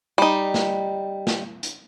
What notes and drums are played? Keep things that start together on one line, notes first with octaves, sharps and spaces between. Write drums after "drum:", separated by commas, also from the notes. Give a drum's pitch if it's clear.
G3 D#4
drum: snare
drum: snare
drum: hi-hat